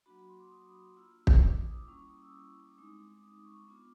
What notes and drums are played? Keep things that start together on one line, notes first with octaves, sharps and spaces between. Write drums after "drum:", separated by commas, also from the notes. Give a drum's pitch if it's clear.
F#3 A#3 D4 F#4 B5
B5
C6
D6
D#6
A#3 D4 F4 E6
drum: kick
D6
D#6
D#6
D6
G3 A#3 C#4 E4 C#6
D6
D#6
E6
D6
G#3 C4 D#4 D#6
D6
D#6
C#6
D6
B3 D4 F4 D6